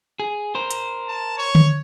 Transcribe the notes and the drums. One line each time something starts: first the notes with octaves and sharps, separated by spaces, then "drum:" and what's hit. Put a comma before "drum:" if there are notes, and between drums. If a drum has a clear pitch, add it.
G#4
A#4 C5
drum: hi-hat
A5
C#5
drum: tom D3